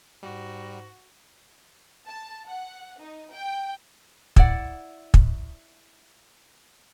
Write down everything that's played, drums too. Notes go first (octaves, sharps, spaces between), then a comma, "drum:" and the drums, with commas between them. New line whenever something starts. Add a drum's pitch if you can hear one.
G#2 G3 F#4
A5
F#5
D#4
G5
E4 D5 F#5, drum: kick
drum: kick